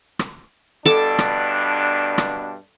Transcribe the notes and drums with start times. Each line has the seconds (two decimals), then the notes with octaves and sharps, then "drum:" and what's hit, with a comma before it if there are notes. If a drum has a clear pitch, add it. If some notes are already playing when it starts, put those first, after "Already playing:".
0.19 drum: rim click
0.85 G2 B2 D4 A4 D6
1.19 drum: rim click
2.18 drum: rim click